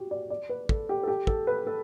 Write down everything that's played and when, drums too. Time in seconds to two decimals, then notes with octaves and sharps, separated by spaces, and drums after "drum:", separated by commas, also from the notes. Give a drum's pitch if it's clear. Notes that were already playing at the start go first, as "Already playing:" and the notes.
Already playing: F#4 G4
0.11 D5
0.30 D5
0.49 B4
0.69 A4, drum: kick
0.89 G4
1.03 A4
1.08 G4
1.27 A4, drum: kick
1.47 B4
1.67 A4